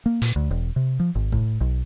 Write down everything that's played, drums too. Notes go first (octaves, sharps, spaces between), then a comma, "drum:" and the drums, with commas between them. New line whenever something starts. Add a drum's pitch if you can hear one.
A#3
A#2, drum: hi-hat
D2
E1
C3
F3
G#1
A2, drum: kick C#1
B1